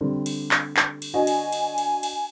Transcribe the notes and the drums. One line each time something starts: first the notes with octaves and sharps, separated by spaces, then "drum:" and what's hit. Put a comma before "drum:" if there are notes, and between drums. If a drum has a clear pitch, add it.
D3 G3 C4
drum: cymbal
drum: clap
drum: clap
drum: cymbal
D4 F#4 D#5 G#5
drum: cymbal
drum: cymbal
drum: cymbal
drum: cymbal